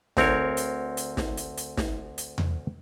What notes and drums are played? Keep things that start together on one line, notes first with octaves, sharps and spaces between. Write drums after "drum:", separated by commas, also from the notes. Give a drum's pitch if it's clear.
D2 C4 A#4 C#5, drum: snare
drum: hi-hat
drum: hi-hat
drum: snare
drum: hi-hat
drum: hi-hat
drum: snare
drum: hi-hat
drum: tom E2